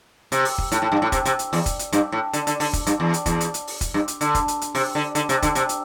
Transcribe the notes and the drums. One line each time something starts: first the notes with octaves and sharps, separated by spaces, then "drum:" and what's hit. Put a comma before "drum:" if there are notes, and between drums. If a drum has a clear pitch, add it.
C3, drum: hi-hat
drum: open hi-hat
drum: kick
A2, drum: hi-hat
A2
G2
A2
C3, drum: kick, hi-hat
C3, drum: hi-hat
drum: hi-hat
E2, drum: open hi-hat
drum: kick, hi-hat
drum: hi-hat
G2, drum: hi-hat
A2
D3, drum: hi-hat
D3, drum: hi-hat
D3, drum: open hi-hat
drum: kick, hi-hat
G2, drum: hi-hat
E2
drum: hi-hat
E2, drum: kick, hi-hat
drum: hi-hat
drum: hi-hat
drum: open hi-hat
drum: kick, hi-hat
G2
drum: hi-hat
D3, drum: hi-hat
drum: kick, hi-hat
drum: hi-hat
drum: hi-hat
C3, drum: open hi-hat
D3
D3, drum: hi-hat
C3, drum: hi-hat
D3, drum: kick, hi-hat
C3, drum: hi-hat
drum: hi-hat